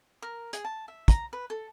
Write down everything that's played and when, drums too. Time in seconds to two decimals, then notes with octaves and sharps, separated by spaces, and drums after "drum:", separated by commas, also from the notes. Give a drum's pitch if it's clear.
0.22 A#4
0.53 G#4, drum: hi-hat
0.65 A5
0.88 E5
1.08 A#5, drum: kick, hi-hat
1.33 B4
1.50 A4